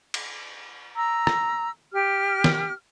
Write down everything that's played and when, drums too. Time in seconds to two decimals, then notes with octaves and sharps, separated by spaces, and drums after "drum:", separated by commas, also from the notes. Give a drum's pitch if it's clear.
0.14 drum: cymbal
0.96 A#5 E6
1.27 drum: rim click
1.93 G4 F6
2.44 drum: snare